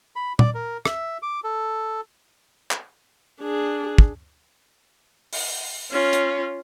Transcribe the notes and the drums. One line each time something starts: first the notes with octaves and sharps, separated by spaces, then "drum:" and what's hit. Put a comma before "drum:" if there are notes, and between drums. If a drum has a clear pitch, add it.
B5
D5, drum: tom
A#4
E5, drum: rim click
D6
A4
drum: clap
D4 G#4
drum: kick
drum: open hi-hat
C#4 F4
drum: hi-hat